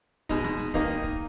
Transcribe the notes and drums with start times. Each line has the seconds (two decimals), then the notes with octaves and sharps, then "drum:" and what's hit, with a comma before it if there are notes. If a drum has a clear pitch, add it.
0.29 B2 G#3 D#4, drum: kick, hi-hat
0.44 drum: snare
0.59 drum: hi-hat
0.74 D#3 A#3 D#4, drum: kick
1.04 drum: kick